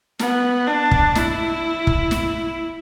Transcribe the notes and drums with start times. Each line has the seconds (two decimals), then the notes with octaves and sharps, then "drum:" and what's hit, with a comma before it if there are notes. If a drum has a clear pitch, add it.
0.19 B3, drum: snare
0.67 D4
0.91 drum: kick
1.15 E4, drum: snare
1.87 drum: kick
2.11 drum: snare